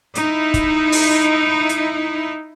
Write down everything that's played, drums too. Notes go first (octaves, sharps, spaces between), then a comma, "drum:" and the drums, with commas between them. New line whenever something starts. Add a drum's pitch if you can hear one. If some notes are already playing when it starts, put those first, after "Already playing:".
D#4 E4, drum: hi-hat
drum: kick, hi-hat
drum: open hi-hat
drum: hi-hat